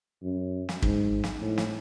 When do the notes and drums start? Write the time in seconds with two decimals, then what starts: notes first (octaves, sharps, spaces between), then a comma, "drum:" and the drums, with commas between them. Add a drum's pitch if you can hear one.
0.23 F#2
0.69 drum: snare
0.82 G#2, drum: kick
1.24 drum: snare
1.41 A2
1.58 drum: snare